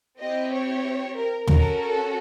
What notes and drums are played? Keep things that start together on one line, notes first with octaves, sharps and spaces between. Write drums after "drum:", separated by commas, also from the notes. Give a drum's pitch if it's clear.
C4 E4 G4 D#5
C#5
A#4
C#4 F#4 A4 A#4, drum: tom
A4